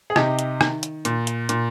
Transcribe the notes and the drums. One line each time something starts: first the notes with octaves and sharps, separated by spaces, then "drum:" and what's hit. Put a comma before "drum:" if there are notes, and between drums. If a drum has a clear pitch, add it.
G#4
C3 D#4 G4, drum: rim click
drum: hi-hat
D#3, drum: rim click
drum: hi-hat
A#2, drum: hi-hat
drum: hi-hat
A#2, drum: hi-hat